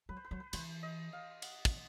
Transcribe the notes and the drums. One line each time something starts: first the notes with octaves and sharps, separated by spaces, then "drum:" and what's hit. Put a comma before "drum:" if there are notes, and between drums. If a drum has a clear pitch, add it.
F#3 B4
C5
B4
F#3 C5
B4
E3 C5, drum: cymbal
D#5
F5
F#5, drum: cymbal
drum: kick, cymbal